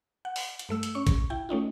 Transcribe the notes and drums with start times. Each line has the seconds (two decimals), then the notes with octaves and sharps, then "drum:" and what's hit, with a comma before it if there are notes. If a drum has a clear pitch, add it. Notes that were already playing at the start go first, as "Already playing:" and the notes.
0.25 F#5
0.36 drum: open hi-hat
0.59 drum: hi-hat
0.69 G2 A3 E6
0.83 drum: hi-hat
0.95 C#4 C#6
1.07 drum: kick, hi-hat
1.30 E4 G5
1.49 A3 C#4 D#4 F4